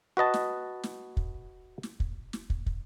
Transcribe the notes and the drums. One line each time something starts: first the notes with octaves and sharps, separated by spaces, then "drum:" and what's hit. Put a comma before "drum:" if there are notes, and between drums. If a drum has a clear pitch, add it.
F#4 B4 D#5 A5
drum: snare
drum: snare
drum: kick
drum: snare
drum: kick
drum: snare
drum: kick
drum: kick